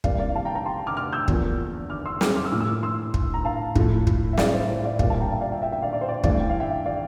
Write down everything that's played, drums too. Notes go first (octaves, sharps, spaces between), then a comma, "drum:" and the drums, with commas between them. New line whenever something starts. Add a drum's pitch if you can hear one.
C3 E3 G3 A#3 D5 F5, drum: kick
D5 F5
F5 A5
G5 A#5
G5 A#5
A5 C6
D6 F6
D6 F6
E6 G6
E2 D3 F3 A#3, drum: kick
D6 F6
C6 E6
D6 F6, drum: snare
D6 F6
E6
A2 F3 A#3 D6 F6
E6
D6 F6
C6 E6
drum: kick
A#5
F5 A5
A2 F3 A3, drum: kick
drum: kick
E5
D5 F5, drum: snare
C5 E5
C5 E5
D5 F5
A#2 G3 A#3 D5 F5, drum: kick
F5 A5
G5 A#5
E5 G5
D5 F5
E5 G5
E5 G5
E5 G5
D5 F5
D5
C5
D5
G2 E3 A3 D5 F5, drum: kick
G5
F5
E5 G5
D5 F5